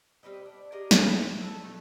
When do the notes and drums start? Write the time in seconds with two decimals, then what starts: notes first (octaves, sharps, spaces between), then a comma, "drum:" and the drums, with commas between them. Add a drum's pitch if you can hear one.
0.23 G3 C4 B4 D#5
0.46 D4
0.72 G4 G#4 A#4 D#5
0.91 G#4 D#5 F#5, drum: snare
1.41 A4 E5
1.64 B2 A3 D#4